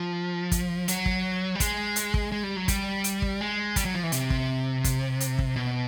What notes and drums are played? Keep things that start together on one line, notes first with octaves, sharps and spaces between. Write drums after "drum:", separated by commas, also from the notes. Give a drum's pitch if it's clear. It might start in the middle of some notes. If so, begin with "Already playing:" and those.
Already playing: F3
drum: kick, hi-hat
F#3, drum: hi-hat
drum: kick
G3
G#3, drum: kick, hi-hat
drum: hi-hat
drum: kick
G#3
G3
F#3
G3, drum: kick, hi-hat
drum: hi-hat
drum: kick
G#3
G3, drum: kick, hi-hat
F#3
F3
E3
C3, drum: hi-hat
drum: kick
drum: kick, hi-hat
drum: hi-hat
drum: kick
B2